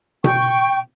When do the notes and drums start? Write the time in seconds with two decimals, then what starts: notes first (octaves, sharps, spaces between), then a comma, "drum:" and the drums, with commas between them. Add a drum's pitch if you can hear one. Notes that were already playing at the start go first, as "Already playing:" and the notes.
0.24 G5 C#6, drum: tom B2